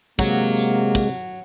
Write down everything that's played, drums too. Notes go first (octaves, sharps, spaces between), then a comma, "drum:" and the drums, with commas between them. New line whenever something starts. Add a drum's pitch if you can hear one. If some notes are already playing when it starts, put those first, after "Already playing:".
C3 F#3 G#3 A#3, drum: kick, tambourine
drum: tambourine
drum: kick, tambourine